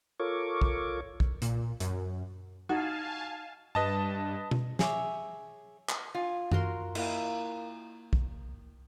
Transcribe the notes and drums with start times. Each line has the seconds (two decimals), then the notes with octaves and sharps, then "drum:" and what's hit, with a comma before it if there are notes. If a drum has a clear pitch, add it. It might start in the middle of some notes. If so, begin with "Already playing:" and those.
0.20 F4 A4 A#4 C#5 C#6 D6
0.62 drum: kick
1.20 drum: kick
1.42 A#2, drum: hi-hat
1.80 F#2, drum: hi-hat
2.69 D#4 F#4 F5 G#5 A5
3.75 G2 B4 D#5 A5
4.51 drum: tom B2
4.79 G#4 C#5 E5 D6, drum: snare
5.89 drum: clap
6.15 F4 G#5
6.52 F#4 A#4 C6, drum: tom F#2
6.95 A#3 E4, drum: cymbal
8.13 drum: kick